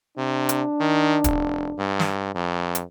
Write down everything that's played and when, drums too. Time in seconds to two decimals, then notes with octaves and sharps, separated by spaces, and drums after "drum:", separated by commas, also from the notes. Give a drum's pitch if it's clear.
0.17 C3 D4
0.49 drum: hi-hat
0.80 D#3
1.24 F1, drum: kick, hi-hat
1.78 G2
2.00 drum: snare
2.34 F2
2.75 drum: hi-hat